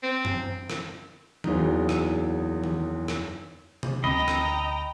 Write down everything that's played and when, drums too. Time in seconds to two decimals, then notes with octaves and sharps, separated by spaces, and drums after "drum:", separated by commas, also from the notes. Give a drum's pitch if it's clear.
0.03 C4
0.25 drum: tom F#2
0.70 drum: rim click
1.44 F#1 E2 F#3 D#4, drum: tom
1.89 drum: rim click
2.64 drum: tom
3.08 drum: rim click
3.83 drum: tom C3
4.04 D2 B3 C4 D#5 G5 A#5 B5
4.28 drum: rim click